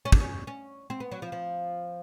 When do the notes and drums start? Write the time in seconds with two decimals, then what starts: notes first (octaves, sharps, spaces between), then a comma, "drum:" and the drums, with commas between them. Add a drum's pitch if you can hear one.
0.05 C#4
0.12 D4, drum: kick
0.20 C#4
0.47 C#4
0.90 C4
1.00 B3
1.12 F#3
1.22 F3
1.32 F3